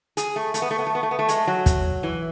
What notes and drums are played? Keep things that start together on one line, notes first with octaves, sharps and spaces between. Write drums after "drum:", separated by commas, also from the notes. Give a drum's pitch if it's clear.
G#4, drum: hi-hat
A3
A3, drum: hi-hat
B3
A3
B3
A3
B3
A3
B3
A3
G#3, drum: hi-hat
F#3
drum: kick, hi-hat
E3